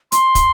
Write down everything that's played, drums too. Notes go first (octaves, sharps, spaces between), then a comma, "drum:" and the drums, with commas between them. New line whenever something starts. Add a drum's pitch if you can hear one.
C6, drum: hi-hat
drum: kick, hi-hat